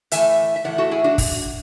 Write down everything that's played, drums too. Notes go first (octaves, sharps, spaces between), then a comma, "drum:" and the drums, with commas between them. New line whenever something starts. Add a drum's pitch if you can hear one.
A2 E3 A3 E5 G#5, drum: hi-hat
E5
A2 E3 A3 D5 F#5
F#4 A4
E4 G#4
D4 F#4
drum: kick, open hi-hat